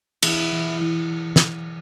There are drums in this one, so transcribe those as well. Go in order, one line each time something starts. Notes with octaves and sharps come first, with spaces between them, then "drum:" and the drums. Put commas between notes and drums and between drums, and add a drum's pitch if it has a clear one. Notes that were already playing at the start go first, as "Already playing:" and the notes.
E3 E4, drum: cymbal
E3
E3
drum: snare